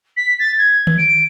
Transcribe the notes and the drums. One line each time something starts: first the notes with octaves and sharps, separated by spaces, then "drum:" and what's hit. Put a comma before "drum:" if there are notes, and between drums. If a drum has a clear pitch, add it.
B6
A6
G#6
drum: tom D#3
D7